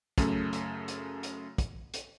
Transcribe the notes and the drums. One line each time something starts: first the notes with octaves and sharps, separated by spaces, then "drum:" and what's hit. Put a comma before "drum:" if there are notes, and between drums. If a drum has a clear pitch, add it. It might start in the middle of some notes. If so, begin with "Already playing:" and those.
F#2 C#3 A3, drum: kick, hi-hat
drum: hi-hat
drum: hi-hat
drum: hi-hat
drum: kick, hi-hat
drum: hi-hat